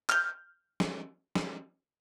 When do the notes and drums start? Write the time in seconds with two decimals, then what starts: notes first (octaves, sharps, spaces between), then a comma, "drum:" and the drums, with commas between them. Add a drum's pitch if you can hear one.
0.09 F6 G6, drum: clap
0.80 drum: snare
1.35 drum: snare